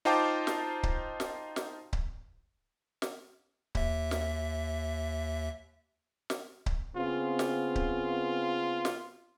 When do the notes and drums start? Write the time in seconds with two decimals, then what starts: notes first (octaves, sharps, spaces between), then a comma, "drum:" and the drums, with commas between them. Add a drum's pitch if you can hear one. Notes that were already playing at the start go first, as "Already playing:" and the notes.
0.05 D#4 F4 C5 G5 A5 D6
0.47 drum: snare
0.83 drum: kick C#1
1.20 drum: snare
1.56 drum: snare
1.93 drum: kick C#1
3.02 drum: snare
3.75 D#2 E5, drum: kick C#1
4.11 drum: snare
6.30 drum: snare
6.66 drum: kick C#1
6.96 C#3 B3 C4 F4
7.39 drum: snare
7.76 drum: kick C#1
8.85 drum: snare